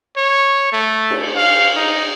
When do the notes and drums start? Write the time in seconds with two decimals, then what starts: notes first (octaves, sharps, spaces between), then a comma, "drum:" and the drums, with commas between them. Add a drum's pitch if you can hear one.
0.17 C#5
0.73 A3
1.10 drum: cymbal
1.36 F5
1.76 D#4